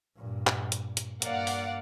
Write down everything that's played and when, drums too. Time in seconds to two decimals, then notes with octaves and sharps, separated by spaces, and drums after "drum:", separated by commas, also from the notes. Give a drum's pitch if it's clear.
0.17 G2 A#2
0.47 drum: clap
0.72 drum: hi-hat
0.97 drum: hi-hat
1.22 G2 A#3 D5 F5 F#5, drum: hi-hat
1.47 drum: open hi-hat